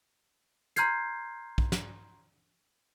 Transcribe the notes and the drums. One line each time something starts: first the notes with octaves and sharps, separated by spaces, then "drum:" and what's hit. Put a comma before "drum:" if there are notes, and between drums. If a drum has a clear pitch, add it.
A#5 C6 F6 G6 G#6 C7, drum: hi-hat
drum: kick
drum: snare